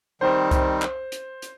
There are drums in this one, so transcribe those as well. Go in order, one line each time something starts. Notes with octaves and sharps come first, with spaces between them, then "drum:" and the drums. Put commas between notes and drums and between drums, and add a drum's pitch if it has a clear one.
D#3 G3 C4 D#4 C5
drum: kick C2, hi-hat
drum: clap
drum: hi-hat
drum: hi-hat